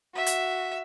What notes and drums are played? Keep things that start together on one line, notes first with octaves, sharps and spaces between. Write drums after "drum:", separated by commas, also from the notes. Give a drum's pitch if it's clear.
F#4 E5
drum: hi-hat